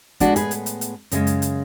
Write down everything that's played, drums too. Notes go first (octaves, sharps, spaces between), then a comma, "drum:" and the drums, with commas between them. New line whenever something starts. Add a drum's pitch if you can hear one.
A2 G#3 B3 D4 F#4, drum: kick, hi-hat
G#4 B4, drum: hi-hat
drum: hi-hat
drum: hi-hat
drum: hi-hat
F#2 C#3 G#3, drum: hi-hat
drum: hi-hat
drum: hi-hat